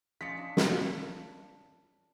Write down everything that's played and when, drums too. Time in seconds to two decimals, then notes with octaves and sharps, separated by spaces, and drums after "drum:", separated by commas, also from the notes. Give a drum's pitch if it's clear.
0.21 F3 C#4 F4 D5 D#5 B6 C#7
0.37 D4
0.57 drum: snare